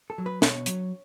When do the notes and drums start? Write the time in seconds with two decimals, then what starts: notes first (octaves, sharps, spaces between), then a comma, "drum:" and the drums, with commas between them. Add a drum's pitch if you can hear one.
0.10 A4
0.18 F#3
0.26 B4
0.42 B2 C#5, drum: snare
0.66 F#3, drum: hi-hat